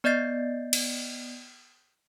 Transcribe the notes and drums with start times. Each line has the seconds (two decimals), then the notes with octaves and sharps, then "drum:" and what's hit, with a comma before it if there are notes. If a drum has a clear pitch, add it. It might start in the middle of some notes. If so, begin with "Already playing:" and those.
0.04 B3 D5 D#5 G6 A6 C7
0.73 drum: cymbal